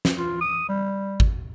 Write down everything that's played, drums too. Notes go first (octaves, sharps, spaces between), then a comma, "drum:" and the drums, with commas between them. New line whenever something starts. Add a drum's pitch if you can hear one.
drum: snare
F4
D#6
G3
drum: kick G#1